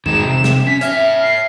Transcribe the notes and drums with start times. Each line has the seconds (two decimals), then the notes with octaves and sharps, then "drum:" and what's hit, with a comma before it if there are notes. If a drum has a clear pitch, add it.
0.06 D#3 G#3 D#4 E7, drum: tom E2
0.23 C3
0.44 drum: snare
0.67 C#4 B6
0.81 C#5 E5 F6, drum: hi-hat
1.23 C7